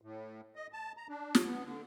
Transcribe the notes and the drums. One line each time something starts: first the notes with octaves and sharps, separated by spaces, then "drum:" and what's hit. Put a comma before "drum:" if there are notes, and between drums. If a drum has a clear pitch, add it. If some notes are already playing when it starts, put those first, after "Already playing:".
A2
D#5
A5
A#5
D4
drum: snare
B3
D3